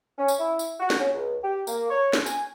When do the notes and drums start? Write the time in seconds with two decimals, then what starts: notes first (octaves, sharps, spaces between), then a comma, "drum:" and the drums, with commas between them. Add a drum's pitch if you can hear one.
0.18 C#4
0.28 drum: tambourine
0.39 E4
0.59 drum: tambourine
0.80 F#4
0.90 drum: snare
1.00 C#4
1.14 C#2
1.43 G4
1.67 A#3, drum: tambourine
1.90 C#5
2.13 drum: snare
2.26 G#5, drum: tambourine